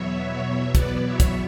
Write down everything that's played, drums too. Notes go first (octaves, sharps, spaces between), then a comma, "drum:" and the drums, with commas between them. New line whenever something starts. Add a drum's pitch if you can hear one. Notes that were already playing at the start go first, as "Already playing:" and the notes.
Already playing: E2 B2 F#3 B3 C#5 E5
B4 D5, drum: kick, hi-hat
C#5 E5
drum: kick, hi-hat